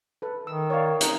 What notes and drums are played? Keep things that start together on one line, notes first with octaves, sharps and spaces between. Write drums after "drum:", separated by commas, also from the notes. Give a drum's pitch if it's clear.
A4 B4
D#3 E6
C#5 D5 F5
D#4, drum: hi-hat